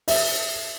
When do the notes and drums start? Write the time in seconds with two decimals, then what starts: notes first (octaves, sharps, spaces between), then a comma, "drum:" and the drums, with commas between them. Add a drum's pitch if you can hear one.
0.08 E5, drum: open hi-hat